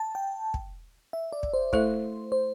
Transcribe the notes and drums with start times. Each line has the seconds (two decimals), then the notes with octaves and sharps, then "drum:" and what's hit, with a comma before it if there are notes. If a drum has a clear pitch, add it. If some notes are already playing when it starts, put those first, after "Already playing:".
Already playing: A5
0.15 G5
0.54 drum: kick
1.13 E5
1.33 D5
1.43 drum: kick
1.54 C5
1.73 A3 E4 A4 C5 E5, drum: kick
2.32 C5